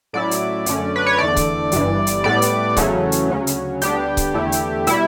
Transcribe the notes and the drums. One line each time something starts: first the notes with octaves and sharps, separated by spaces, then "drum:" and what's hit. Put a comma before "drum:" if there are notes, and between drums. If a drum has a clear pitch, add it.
A2 F#3 C#4 E4 D5
drum: hi-hat
F#2 D3 A3 C#4, drum: hi-hat
B4
C#5
E2 D3 A3 D5
drum: kick C#1, hi-hat
G1 G2 E3, drum: hi-hat
drum: hi-hat
A2 G3 B3 D5
drum: hi-hat
E2 C#3 F#3 A3 C#4, drum: kick C#1, hi-hat
drum: hi-hat
D2 C#3 F#3 C#4
drum: hi-hat
D2 D3 G3 B3 D4 G4, drum: hi-hat
drum: kick C#1, hi-hat
E2 D3 A3 E4
drum: hi-hat
B2 G3 E4, drum: hi-hat